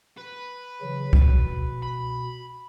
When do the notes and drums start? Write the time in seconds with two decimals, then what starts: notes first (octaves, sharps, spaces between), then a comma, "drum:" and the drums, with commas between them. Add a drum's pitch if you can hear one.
0.17 B4
0.82 C#3 E3 F#3
1.13 drum: kick
1.23 B2
1.83 B5